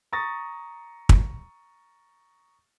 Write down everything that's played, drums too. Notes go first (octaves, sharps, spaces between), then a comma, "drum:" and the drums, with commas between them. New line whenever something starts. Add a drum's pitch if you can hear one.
A#5 C#6 D#6 A6 A#6
drum: kick